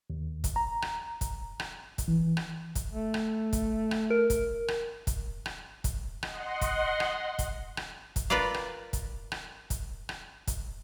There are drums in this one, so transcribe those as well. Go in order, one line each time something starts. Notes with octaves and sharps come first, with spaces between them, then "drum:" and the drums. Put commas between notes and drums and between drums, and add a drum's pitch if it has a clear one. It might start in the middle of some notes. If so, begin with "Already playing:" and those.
D#2
drum: kick, hi-hat
A#5
drum: rim click
drum: kick, hi-hat
drum: rim click
drum: kick, hi-hat
E3
drum: rim click
drum: kick, hi-hat
A3
drum: rim click
drum: kick, hi-hat
drum: rim click
A#4
drum: kick, hi-hat
drum: rim click
drum: kick, hi-hat
drum: rim click
drum: kick, hi-hat
D#5 F#5 C6, drum: rim click
drum: kick, hi-hat
drum: rim click
drum: kick, hi-hat
drum: rim click
drum: kick, hi-hat
F4 A#4 B4 D5 F5
drum: rim click
drum: kick, hi-hat
drum: rim click
drum: kick, hi-hat
drum: rim click
drum: kick, hi-hat